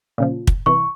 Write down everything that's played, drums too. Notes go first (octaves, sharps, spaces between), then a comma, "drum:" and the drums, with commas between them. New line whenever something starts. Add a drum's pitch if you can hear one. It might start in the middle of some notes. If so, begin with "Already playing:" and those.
A#2 C#3 F3
drum: kick
C2 E3 C#6